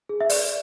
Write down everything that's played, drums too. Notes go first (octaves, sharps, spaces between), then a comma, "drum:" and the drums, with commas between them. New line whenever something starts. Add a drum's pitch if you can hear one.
G#4
E5
D5, drum: open hi-hat